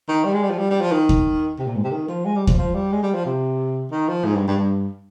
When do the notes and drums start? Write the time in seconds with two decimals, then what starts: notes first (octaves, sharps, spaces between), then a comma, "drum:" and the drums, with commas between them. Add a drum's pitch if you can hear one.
0.09 D#3
0.25 G3
0.33 G#3
0.42 G3
0.50 F3
0.58 G3
0.70 G3
0.81 F3
0.91 D#3
1.09 drum: kick D#2
1.59 C3
1.67 A#2
1.75 G#2
1.84 C3
1.91 D#3
2.08 F3
2.25 G#3
2.36 G3
2.47 F3, drum: kick D#2
2.58 F3
2.75 G3
2.92 G#3
3.03 G3
3.14 F3
3.25 C3
3.91 D#3
4.08 F3
4.25 G#2
4.36 G2
4.47 G2
4.58 G2